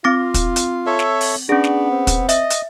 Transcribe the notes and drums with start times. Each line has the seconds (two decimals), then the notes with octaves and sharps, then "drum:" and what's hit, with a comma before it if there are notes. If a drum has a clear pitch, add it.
0.04 C4 F4 D6 A#6
0.34 drum: kick, hi-hat
0.56 drum: hi-hat
0.86 A4 C#5 E5
0.99 drum: snare
1.21 drum: open hi-hat
1.49 B3 C#4 D4 G#4
1.64 drum: snare
1.91 C4
2.07 drum: kick, hi-hat
2.29 D#5 E5, drum: hi-hat
2.50 drum: hi-hat